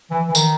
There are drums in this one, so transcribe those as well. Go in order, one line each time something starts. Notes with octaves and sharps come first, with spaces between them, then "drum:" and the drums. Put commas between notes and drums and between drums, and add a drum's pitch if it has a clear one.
E3
E3
D#3, drum: tambourine